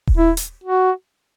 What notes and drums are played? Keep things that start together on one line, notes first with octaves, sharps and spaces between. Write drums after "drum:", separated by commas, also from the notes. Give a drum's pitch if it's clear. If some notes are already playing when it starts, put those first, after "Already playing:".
drum: kick D#1
E4
drum: hi-hat
F#4